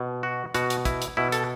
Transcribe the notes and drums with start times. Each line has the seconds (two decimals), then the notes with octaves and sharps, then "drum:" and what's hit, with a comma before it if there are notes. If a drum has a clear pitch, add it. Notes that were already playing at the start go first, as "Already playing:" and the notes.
Already playing: B2
0.23 F#4
0.54 B2 F#4, drum: hi-hat
0.70 drum: hi-hat
0.85 E4, drum: kick, hi-hat
1.02 drum: hi-hat
1.17 B2 E4
1.32 A4, drum: hi-hat